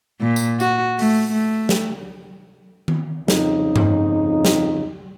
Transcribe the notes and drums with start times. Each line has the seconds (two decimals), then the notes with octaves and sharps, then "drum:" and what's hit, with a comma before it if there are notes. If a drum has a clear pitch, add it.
0.21 A#2
0.36 drum: tambourine
0.60 F#4, drum: tambourine
0.99 A3, drum: open hi-hat
1.32 A3
1.69 drum: snare
2.88 drum: tom D#3
3.28 F2 C#3 D#4, drum: snare
3.76 drum: tom G2
4.45 drum: snare